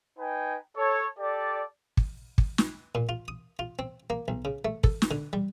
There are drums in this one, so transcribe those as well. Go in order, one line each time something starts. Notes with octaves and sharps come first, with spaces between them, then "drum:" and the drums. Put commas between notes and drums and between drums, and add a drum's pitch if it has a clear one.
D#4 B4 G5 G#5
A4 C#5
G4 A4 D5
drum: kick
drum: kick
drum: snare
A#2
F4
D#6
F4
C4
A#3
B1
C#3
A3
A4, drum: kick
drum: snare
D3
G3